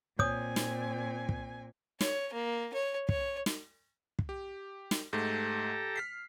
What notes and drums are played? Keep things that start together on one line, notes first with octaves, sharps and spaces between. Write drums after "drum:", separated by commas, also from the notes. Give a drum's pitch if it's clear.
A#2 C4 C#5 G#5 D#6, drum: kick
drum: snare
drum: kick
C#5, drum: snare
A#3
C#5
C#5, drum: kick
drum: snare
drum: kick
G4
drum: snare
G#2 A3 G4 A4 A#5
F6 B6 C7